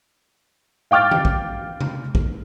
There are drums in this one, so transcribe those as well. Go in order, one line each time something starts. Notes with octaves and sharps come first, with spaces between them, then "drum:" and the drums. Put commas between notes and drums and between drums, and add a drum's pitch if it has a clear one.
F5 G5 D6 F6 A6
drum: tom D#3
drum: kick A#1
drum: tom C3
drum: kick A#1